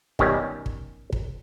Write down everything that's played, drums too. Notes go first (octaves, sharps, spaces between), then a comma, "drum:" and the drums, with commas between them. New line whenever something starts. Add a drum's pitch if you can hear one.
F#2 B2 D#3 G3 C#4, drum: kick
drum: kick
drum: kick